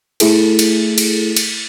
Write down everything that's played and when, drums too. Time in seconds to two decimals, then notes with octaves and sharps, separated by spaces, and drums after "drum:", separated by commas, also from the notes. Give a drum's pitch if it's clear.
0.20 A3 E4 G#4 A4, drum: cymbal
0.59 drum: cymbal
0.98 drum: cymbal
1.36 drum: cymbal